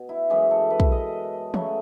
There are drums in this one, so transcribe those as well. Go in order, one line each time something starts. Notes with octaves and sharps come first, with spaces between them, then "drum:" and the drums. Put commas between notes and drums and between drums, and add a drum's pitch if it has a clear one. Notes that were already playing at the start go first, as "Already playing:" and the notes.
Already playing: B2 B3
E4
F#2 E3 G#3 G#4
A4
B4
drum: kick
D#5
C#3 F#3 A3, drum: tom